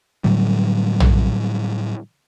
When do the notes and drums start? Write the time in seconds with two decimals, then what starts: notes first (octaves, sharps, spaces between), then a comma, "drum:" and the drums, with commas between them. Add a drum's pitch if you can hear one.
0.24 A2 D3 F#3 G3
1.00 drum: tom A#1